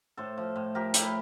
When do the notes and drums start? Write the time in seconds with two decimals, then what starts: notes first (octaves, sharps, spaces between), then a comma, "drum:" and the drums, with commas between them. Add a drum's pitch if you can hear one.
0.17 A2 A4 C5
0.38 F3
0.56 A2
0.75 F3 G4 A#4
0.94 A2 E4 G4, drum: hi-hat